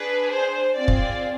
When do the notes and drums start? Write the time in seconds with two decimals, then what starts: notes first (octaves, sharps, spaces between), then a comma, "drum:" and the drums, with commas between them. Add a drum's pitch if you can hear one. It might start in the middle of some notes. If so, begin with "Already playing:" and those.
Already playing: D4 G#4 B4
0.32 C5
0.76 C4 F4 G#4 D5
0.88 drum: kick